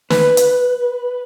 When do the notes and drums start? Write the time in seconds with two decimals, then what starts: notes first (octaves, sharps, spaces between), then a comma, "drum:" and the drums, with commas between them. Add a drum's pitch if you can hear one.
0.10 B4, drum: snare
0.37 drum: hi-hat